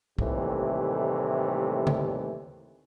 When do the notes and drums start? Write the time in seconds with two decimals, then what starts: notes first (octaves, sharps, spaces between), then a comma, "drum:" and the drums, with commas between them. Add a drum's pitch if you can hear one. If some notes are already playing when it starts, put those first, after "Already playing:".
0.19 D#2 A2 C3 E3 G3 A3, drum: kick
1.87 drum: tom